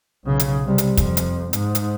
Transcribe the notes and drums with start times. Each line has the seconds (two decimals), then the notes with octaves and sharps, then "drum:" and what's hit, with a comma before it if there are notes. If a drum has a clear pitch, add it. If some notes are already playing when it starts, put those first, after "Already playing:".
0.24 B1 C#3
0.39 drum: hi-hat
0.65 C3 G3
0.78 drum: hi-hat
0.97 F2, drum: kick, hi-hat
1.17 drum: hi-hat
1.53 G#2, drum: hi-hat
1.75 drum: hi-hat